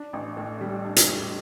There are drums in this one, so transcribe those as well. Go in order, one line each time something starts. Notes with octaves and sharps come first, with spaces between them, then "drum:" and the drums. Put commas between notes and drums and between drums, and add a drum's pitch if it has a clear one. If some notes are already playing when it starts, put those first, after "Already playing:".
Already playing: D4
A1
A2
G3
D4
drum: hi-hat
A1